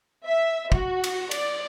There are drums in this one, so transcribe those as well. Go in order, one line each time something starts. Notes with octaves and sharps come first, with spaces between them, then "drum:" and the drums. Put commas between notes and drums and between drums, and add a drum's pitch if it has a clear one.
E5
F#4, drum: kick
drum: cymbal
D5, drum: cymbal